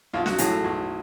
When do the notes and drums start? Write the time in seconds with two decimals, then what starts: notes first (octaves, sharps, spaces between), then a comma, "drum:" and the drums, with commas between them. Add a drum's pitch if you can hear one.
0.13 B1 F4
0.26 F#4, drum: snare
0.38 A2 F#3 G#4, drum: hi-hat
0.51 A4
0.64 B1